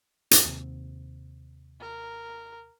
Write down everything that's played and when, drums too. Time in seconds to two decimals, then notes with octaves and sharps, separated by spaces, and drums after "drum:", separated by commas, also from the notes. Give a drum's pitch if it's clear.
0.31 drum: hi-hat
0.45 D#2 C3
1.80 A#4